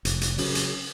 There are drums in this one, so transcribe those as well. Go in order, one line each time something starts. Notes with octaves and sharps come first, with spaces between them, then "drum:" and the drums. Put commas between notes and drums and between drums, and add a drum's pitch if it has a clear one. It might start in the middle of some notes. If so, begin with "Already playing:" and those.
F1, drum: hi-hat
drum: hi-hat
C#3 F#3, drum: open hi-hat
drum: hi-hat